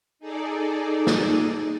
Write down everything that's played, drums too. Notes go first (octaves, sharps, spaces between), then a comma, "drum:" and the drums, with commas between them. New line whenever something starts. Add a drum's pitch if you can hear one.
D#4 G#4 A4 D5
drum: snare